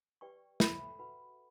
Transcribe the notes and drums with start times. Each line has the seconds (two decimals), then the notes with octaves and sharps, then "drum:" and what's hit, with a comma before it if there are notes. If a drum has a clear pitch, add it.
0.21 G4 B4 D5 G5 C#6
0.60 A4 E5 G5 B5, drum: snare
0.99 F#4 B4 F#5 B5